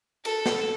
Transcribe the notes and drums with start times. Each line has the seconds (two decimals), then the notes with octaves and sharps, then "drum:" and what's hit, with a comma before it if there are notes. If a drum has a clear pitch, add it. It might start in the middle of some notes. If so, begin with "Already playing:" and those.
0.25 A4, drum: cymbal
0.46 drum: snare